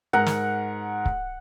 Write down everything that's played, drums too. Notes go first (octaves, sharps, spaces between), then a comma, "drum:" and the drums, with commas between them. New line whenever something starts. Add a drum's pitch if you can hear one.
G#2 A#4 F#5 A#5
drum: snare
drum: kick C#1